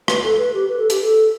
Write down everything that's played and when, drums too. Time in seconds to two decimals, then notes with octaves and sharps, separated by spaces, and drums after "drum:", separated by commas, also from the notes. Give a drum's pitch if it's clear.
0.08 B4, drum: rim click
0.23 A4
0.38 B4
0.54 G4
0.68 B4
0.79 A4
0.90 G4, drum: hi-hat
1.01 A4